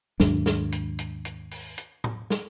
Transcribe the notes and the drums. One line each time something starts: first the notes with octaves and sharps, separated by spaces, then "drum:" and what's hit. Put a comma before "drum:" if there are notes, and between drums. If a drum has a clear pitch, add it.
D#2 G#2 F#3 D4, drum: snare
drum: snare
drum: hi-hat
drum: hi-hat
drum: hi-hat
drum: open hi-hat
drum: hi-hat
drum: tom A2
drum: snare